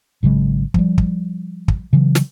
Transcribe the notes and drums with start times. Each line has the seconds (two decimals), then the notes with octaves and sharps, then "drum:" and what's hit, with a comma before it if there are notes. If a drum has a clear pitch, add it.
0.23 G#1 C#3 F#3 G#3
0.74 F3 G3, drum: kick
0.98 drum: kick
1.68 drum: kick
1.93 C#3 E3 F#3
2.15 drum: snare